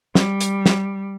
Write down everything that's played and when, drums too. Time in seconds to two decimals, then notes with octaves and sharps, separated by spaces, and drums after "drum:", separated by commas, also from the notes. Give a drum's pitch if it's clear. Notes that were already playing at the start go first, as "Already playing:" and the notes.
0.15 G3, drum: snare
0.41 drum: hi-hat
0.66 drum: snare